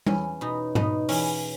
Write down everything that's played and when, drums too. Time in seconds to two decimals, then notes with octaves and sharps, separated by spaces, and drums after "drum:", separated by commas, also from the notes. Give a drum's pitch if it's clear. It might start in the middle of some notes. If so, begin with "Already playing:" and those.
0.06 E2 C#4, drum: tom G3
0.41 B2 D#4
0.75 B2 D#4, drum: tom G#2
1.09 E2 C#4, drum: open hi-hat